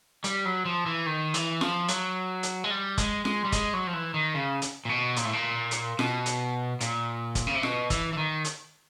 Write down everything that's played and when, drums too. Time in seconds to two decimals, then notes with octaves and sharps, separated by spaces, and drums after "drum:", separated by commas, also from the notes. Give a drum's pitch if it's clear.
0.24 G3, drum: hi-hat
0.45 F#3
0.65 F3
0.86 E3
1.06 D#3
1.34 E3, drum: hi-hat
1.61 F3, drum: snare F4
1.88 F#3, drum: hi-hat
2.43 drum: hi-hat
2.64 G#3
2.71 G3
2.98 G#3, drum: kick, hi-hat
3.25 G#3, drum: snare F4
3.45 G3
3.52 G#3, drum: kick, hi-hat
3.73 F#3
3.87 F3
3.93 E3
4.14 D#3
4.34 C#3
4.62 drum: hi-hat
4.85 A#2
4.89 B2
5.16 A#2, drum: hi-hat
5.25 A2
5.33 A#2
5.71 drum: hi-hat
5.99 B2, drum: snare F4
6.26 drum: hi-hat
6.81 A#2, drum: hi-hat
7.35 drum: kick, hi-hat
7.47 C#3
7.55 C3
7.63 B2, drum: snare F4
7.90 E3, drum: kick, hi-hat
8.13 E3
8.17 D#3
8.45 drum: hi-hat